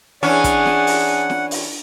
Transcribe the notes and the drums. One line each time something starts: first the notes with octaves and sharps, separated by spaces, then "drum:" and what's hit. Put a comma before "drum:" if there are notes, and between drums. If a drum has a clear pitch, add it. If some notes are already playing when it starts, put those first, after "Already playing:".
E3 C#4 D4 G#4 F#5
drum: kick, hi-hat
drum: snare
drum: open hi-hat
drum: snare
drum: open hi-hat